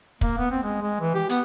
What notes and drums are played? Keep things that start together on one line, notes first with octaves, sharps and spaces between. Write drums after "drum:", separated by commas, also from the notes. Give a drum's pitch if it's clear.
A#3, drum: kick
B3
C4
G#3
G#3
E3
G4
B3, drum: hi-hat